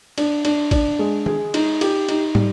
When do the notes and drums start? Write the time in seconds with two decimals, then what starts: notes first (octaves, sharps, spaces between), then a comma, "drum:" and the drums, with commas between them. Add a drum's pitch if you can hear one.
0.18 D4, drum: cymbal
0.45 D4, drum: cymbal
0.71 D4, drum: kick, cymbal
0.99 G#3
1.26 G#4, drum: tom D#3
1.54 D#4, drum: cymbal
1.81 G4, drum: cymbal
2.09 D#4, drum: cymbal
2.35 G3, drum: tom